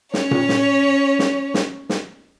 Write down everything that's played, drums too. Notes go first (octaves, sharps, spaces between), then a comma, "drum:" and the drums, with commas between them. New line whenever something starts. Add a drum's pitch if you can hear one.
C#4 C#5, drum: snare
drum: tom A#2
drum: snare
drum: snare
drum: snare
drum: snare